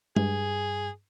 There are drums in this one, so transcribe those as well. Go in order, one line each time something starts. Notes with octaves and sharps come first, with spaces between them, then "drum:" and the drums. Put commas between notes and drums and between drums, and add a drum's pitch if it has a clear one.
G2 G#4, drum: tom G#3